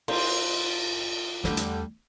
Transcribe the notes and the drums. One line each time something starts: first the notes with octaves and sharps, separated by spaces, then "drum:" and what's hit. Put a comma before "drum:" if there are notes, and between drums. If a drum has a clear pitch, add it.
F4 C5, drum: cymbal
E2 D3 G3 A3, drum: snare
drum: hi-hat